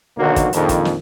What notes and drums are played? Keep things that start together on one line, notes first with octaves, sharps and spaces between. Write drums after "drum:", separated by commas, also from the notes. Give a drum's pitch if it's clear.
B1 D3 D#3 F#3 A#3 F#4
drum: kick, hi-hat
A#1 F2 D#3, drum: hi-hat
drum: kick, hi-hat
drum: snare